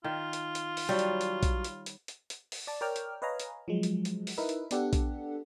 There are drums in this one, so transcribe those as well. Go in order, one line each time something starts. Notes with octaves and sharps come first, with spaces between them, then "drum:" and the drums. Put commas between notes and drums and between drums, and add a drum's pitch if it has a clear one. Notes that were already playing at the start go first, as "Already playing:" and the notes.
D#3 F4
drum: hi-hat
drum: hi-hat
drum: open hi-hat
F#3 G3
drum: hi-hat
drum: hi-hat
drum: kick A#1, hi-hat
drum: hi-hat
drum: hi-hat
drum: hi-hat
drum: hi-hat
drum: open hi-hat
D5 A5
A#4 C#5 D5 G5 F6
drum: hi-hat
B4 C#5 D#5 F5 G#5 A#5
drum: hi-hat
F3 F#3 G#3
drum: hi-hat
drum: hi-hat
drum: open hi-hat
D#4 E4 A#4 B4 E5
drum: hi-hat
B3 D4 G4 A4 F#5, drum: hi-hat
drum: kick A#1, hi-hat